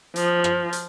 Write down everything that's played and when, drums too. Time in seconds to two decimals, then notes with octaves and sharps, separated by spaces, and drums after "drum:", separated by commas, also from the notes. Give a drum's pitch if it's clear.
0.16 F3, drum: hi-hat
0.44 drum: rim click
0.73 drum: hi-hat